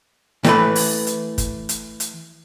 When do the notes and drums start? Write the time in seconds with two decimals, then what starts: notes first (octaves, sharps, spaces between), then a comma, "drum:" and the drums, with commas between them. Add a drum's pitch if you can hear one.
0.44 E3 A3 B4, drum: snare
0.76 drum: open hi-hat
1.07 drum: hi-hat
1.38 drum: kick F#1, hi-hat
1.69 drum: hi-hat
2.00 drum: hi-hat